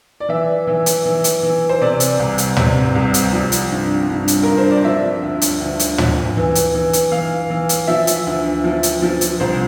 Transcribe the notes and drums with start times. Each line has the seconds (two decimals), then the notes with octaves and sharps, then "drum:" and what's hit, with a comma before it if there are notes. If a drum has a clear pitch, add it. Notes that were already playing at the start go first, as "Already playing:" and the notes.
0.20 D5
0.29 E3 E5
0.67 E3
0.86 drum: hi-hat
1.05 E3
1.24 drum: hi-hat
1.43 E3
1.69 C5
1.81 C3 D5
2.00 drum: hi-hat
2.19 C2
2.38 drum: hi-hat
2.57 C3, drum: tom
2.95 C2
3.14 drum: hi-hat
3.33 F3
3.52 drum: hi-hat
3.71 G2
4.09 G2
4.28 drum: hi-hat
4.43 G2 A#4
4.58 C5
4.71 D5
4.84 F3 E5
5.22 D2
5.41 drum: hi-hat
5.61 D2
5.79 drum: hi-hat
5.98 F3, drum: tom
6.37 E3
6.55 drum: hi-hat
6.75 E3
6.93 drum: hi-hat
7.12 E3 F5
7.50 E3
7.69 drum: hi-hat
7.88 F3 E5
8.07 drum: hi-hat
8.27 D2
8.64 F3
8.83 drum: hi-hat
9.02 F3
9.21 drum: hi-hat
9.40 C2 C5